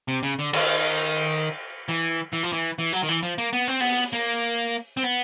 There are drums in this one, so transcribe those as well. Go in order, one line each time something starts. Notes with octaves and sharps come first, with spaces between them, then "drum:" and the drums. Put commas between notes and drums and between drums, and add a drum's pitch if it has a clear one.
C3
C#3
D3
D#3, drum: cymbal
E3
E3
F3
E3
E3
F#3
D#3
E3
F3
A#3
B3
C4
B3, drum: open hi-hat
A#3
C4
B3